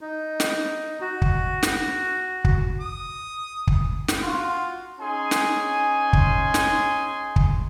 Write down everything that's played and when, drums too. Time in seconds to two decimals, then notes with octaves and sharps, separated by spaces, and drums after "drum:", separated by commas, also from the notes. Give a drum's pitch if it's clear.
0.01 D#4
0.40 drum: snare
1.01 F#4
1.22 drum: kick
1.63 drum: snare
2.45 drum: kick
2.80 D#6
3.67 drum: kick
4.08 drum: snare
4.22 F4 F#4
4.99 C#4 D#4 G#4 G#5 C6
5.31 drum: snare
6.13 drum: kick
6.54 drum: snare
7.36 drum: kick